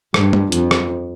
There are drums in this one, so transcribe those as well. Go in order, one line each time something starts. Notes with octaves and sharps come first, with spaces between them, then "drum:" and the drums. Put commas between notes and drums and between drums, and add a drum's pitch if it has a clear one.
G2, drum: rim click
drum: tom G3
F2, drum: hi-hat
drum: rim click